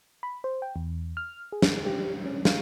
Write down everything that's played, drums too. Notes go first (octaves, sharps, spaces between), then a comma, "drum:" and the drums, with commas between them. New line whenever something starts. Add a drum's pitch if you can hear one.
B5
C5
G5
E2
F6
G#4
drum: snare
G4
C#4
F5, drum: snare